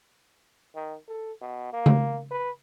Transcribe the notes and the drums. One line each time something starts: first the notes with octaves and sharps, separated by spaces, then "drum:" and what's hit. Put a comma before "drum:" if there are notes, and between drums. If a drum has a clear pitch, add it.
D#3
A4
B2
A#3
drum: tom C#3
B4